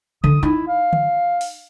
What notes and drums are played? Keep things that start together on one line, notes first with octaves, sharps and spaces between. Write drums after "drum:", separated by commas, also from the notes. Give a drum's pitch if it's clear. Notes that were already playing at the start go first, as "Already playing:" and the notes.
D3 D#6, drum: tom D3
D#4 E4
F5
drum: tom D3
drum: open hi-hat